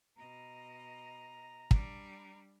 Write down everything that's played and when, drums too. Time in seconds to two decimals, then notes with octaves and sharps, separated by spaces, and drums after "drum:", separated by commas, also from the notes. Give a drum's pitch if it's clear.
0.16 B2 D#5 A#5
1.71 G3 D4, drum: kick